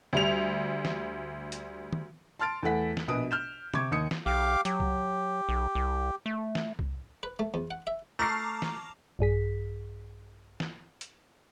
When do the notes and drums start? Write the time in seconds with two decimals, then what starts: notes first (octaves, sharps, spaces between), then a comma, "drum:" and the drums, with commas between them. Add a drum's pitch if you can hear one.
0.13 D2 G3 F7
0.85 drum: snare
1.52 drum: hi-hat
1.93 drum: tom
2.39 A5 C6 F6 A6 D7
2.63 E2 A3 A4 F#5 B6
2.97 drum: snare
3.08 A#1 B2 B4 D#6 D7
3.31 F6 G6 E7
3.74 C3 C#6 D6 G#6, drum: tom
3.91 D#2 D#3 D#6 C#7
4.11 drum: snare
4.26 B1 G4 F5 D6
4.65 F#3 G4, drum: hi-hat
4.80 drum: kick C2
5.49 B1
5.75 C2
6.26 A3
6.55 drum: snare
6.79 drum: kick C2
7.23 B4
7.39 A3
7.54 E2
7.71 F#5
7.87 E5
8.19 A3 A5 A#5 C#6 D6 F6 C7
8.62 drum: snare
9.19 A#1 G2 G#4 B6
10.60 drum: snare
11.01 drum: hi-hat